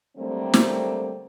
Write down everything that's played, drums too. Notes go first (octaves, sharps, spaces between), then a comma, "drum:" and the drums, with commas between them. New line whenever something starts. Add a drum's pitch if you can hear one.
D3 F#3 G3 A3 A#3 C4
drum: snare